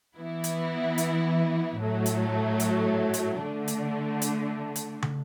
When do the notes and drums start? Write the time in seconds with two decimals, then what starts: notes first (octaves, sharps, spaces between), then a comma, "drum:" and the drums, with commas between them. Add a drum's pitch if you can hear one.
0.17 E3 B3 E4
0.44 drum: hi-hat
0.98 drum: hi-hat
1.78 A2 F#3 A3
2.06 drum: hi-hat
2.60 drum: hi-hat
3.14 drum: hi-hat
3.41 D3 A3 D4
3.68 drum: hi-hat
4.22 drum: hi-hat
4.75 drum: hi-hat
5.02 drum: tom